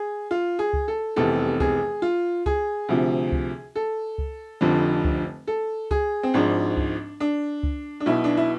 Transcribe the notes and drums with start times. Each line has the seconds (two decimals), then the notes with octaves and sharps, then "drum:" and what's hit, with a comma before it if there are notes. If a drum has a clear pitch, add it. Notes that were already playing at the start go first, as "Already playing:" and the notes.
Already playing: G#4
0.31 F4
0.59 G#4
0.73 drum: kick C#2
0.88 A4
1.16 F1 E2 C3 A4
1.60 G#4, drum: kick C#2
2.02 F4
2.46 G#4, drum: kick C#2
2.89 D2 C3 F3
3.32 drum: kick C#2
3.76 A4
4.18 drum: kick C#2
4.61 F1 F2 D3 F3
5.05 drum: kick C#2
5.47 A4
5.91 G#4, drum: kick C#2
6.23 C4
6.34 G#1 G#2 F3 D4
6.77 drum: kick C#2
7.20 D4
7.63 drum: kick C#2
8.00 D4
8.06 B1 B2 E4
8.24 D4
8.37 E4